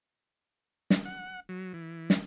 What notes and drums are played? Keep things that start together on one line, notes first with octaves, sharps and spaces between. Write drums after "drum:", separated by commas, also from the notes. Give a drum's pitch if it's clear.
drum: snare
F#5
F#3
E3
drum: snare